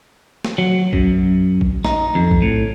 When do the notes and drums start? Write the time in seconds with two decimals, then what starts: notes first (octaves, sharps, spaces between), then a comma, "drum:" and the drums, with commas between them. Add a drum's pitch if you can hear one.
0.45 drum: snare
0.58 F#3
0.93 F#2, drum: kick A#1
1.61 drum: kick A#1
1.85 D#4, drum: snare
2.15 F2
2.31 drum: kick A#1
2.42 A2